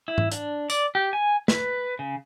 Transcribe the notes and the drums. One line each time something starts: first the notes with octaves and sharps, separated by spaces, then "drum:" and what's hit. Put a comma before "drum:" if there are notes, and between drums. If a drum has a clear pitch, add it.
E4
drum: tom G#2
D4, drum: hi-hat
D5, drum: tambourine
G4
G#5
B4, drum: snare
C#3